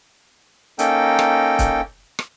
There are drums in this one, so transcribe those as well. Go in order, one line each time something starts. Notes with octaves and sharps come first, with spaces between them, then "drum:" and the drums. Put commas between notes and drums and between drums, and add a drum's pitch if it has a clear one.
A#3 C#4 D#4 A4 G5, drum: hi-hat
drum: rim click
drum: kick, hi-hat
drum: rim click